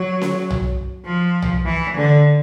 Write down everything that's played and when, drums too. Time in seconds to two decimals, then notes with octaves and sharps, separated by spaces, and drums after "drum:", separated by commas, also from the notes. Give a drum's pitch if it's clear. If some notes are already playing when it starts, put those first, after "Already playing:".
Already playing: F#3
0.21 drum: snare C#4
0.50 drum: tom
1.05 F3
1.42 drum: tom
1.66 E3
1.96 D3